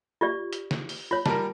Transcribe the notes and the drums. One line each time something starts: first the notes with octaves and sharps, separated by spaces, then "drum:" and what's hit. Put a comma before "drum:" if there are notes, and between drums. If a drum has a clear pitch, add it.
F4 G4 D5
drum: hi-hat
drum: snare
drum: open hi-hat
F4 C#5 B5
G3 A#4 A5, drum: snare